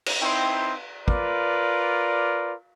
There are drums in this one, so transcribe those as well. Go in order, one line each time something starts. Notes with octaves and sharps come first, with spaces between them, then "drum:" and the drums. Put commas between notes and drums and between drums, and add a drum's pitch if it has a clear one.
drum: cymbal
C4 D#4 E4 G5 C6
F4 A#4 B4 D5, drum: kick